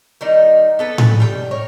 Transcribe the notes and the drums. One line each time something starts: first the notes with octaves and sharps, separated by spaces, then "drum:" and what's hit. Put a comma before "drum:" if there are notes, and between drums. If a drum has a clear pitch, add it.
D#3 G3 D#4
B3 A4 B4
drum: tom A2
G3 G5
A#4 C#5